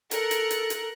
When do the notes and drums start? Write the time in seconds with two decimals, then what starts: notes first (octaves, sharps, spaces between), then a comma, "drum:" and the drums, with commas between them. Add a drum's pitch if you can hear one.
0.11 A4 A#4 F#6 C#7, drum: hi-hat
0.31 drum: hi-hat
0.50 drum: hi-hat
0.70 drum: hi-hat